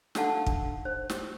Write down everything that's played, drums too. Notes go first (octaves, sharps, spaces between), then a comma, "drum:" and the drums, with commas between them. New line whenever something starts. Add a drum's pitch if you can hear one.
D4 D#4 A4 F5 F#5 A5, drum: snare
drum: kick
C5
drum: snare